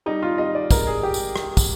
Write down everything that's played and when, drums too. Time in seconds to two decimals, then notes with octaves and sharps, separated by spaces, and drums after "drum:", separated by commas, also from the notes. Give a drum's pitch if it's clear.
0.06 G3 D#4
0.22 F4
0.38 G3 D#5
0.55 D5
0.71 G#3 A#4, drum: kick, tambourine
0.87 G#4
1.03 G#3 G4
1.14 drum: tambourine
1.36 drum: rim click
1.57 drum: kick, tambourine